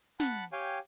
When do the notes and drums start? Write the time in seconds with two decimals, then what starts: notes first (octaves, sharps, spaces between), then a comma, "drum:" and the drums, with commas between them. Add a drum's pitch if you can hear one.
0.20 F#5 A5 B5 F#6, drum: snare
0.52 G4 C#5 F5 G5 G#5